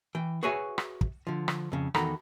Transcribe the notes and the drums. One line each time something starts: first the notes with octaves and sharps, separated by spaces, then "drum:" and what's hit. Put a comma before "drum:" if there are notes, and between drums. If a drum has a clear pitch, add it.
E3 G5
F#4 G#4 B4 C#5 E5 G#5
drum: rim click
drum: kick
D3 F3
drum: rim click
F2 C#3
E2 D#3 F#4 A4 A#5 B5, drum: rim click